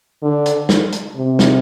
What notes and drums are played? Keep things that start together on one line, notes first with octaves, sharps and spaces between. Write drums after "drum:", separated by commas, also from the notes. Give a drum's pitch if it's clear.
D3
drum: hi-hat
drum: snare
drum: hi-hat
C3
drum: snare